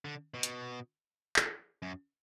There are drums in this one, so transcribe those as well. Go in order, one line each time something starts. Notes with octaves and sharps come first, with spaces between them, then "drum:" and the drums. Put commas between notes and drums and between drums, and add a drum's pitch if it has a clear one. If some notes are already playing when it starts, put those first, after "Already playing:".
D3
B2
drum: hi-hat
drum: clap
F#2